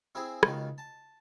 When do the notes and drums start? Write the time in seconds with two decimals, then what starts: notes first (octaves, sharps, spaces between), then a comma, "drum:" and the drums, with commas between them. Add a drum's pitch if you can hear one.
0.15 C4 E4 G#4
0.43 C#2 B2 D#3, drum: rim click
0.78 A5